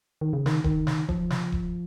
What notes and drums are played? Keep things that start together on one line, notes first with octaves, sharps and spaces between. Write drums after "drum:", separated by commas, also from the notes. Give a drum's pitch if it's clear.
D#3
C#3
D#3, drum: snare
D#3, drum: kick D#1
drum: snare
F3, drum: kick D#1
drum: snare
drum: kick D#1